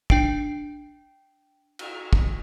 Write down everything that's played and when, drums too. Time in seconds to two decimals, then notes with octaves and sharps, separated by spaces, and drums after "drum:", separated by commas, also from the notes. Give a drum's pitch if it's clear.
0.10 D4 G5 C7 D7, drum: kick
1.79 drum: cymbal
2.13 drum: kick